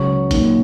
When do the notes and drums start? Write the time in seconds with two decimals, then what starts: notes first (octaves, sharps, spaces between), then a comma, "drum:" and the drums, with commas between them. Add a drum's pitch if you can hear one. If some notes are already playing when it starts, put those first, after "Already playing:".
Already playing: C#2 C#3 F#3 C#5 C#6
0.31 A#2 F#3 D#4, drum: kick, hi-hat